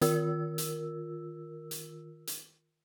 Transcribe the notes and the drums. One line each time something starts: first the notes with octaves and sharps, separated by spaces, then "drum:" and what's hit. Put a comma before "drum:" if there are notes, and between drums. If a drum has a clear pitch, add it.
D#3 F4 A#4 E6, drum: hi-hat
drum: hi-hat
drum: hi-hat
drum: hi-hat